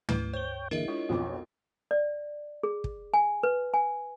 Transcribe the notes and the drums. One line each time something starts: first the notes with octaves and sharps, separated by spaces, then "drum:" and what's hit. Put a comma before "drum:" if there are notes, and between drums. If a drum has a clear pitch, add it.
A3 E4 B4, drum: tom
C5 C#5 G5 G7
D3 E3 A#3 E4 G#4 A#4 D#5 E5
G#3 D4 F4 C#5
B1 F2 F4 D6
D5
G#4
drum: kick
G#5
B4
G#5